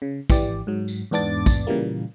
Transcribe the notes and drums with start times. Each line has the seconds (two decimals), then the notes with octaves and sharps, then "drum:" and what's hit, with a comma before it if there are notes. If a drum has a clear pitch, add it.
0.02 C#3
0.30 G#1 E3 G4 D5, drum: kick, tambourine
0.67 G#2 F#3
0.88 drum: tambourine
1.11 E2 G#2 B3 D4 D6 A6
1.46 drum: kick, tambourine
1.67 A#2 C#3 E3 G3 A#3